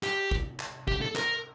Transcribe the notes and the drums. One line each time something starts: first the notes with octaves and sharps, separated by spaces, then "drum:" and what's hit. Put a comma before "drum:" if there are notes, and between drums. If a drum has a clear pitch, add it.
G4, drum: clap
drum: kick
drum: clap
G4, drum: kick
A4
A#4, drum: clap